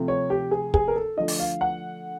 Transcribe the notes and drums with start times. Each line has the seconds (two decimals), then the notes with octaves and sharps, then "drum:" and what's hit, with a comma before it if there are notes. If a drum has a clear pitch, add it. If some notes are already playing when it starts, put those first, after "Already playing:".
Already playing: C3 F3 A3
0.08 C#5
0.30 G4
0.51 G#4
0.74 G#4, drum: kick
0.88 A#4
0.96 A4
1.17 D3 F3 A3 D#5
1.28 drum: open hi-hat
1.40 F5
1.61 F#5